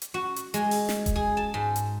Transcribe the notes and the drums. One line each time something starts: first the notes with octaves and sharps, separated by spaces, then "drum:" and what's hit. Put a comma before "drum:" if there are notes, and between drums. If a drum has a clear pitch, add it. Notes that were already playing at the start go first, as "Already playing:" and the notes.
drum: hi-hat
F#4
drum: hi-hat
G#3, drum: hi-hat
drum: open hi-hat
drum: snare
drum: kick D#1, hi-hat
G#4
A5
G#2
drum: hi-hat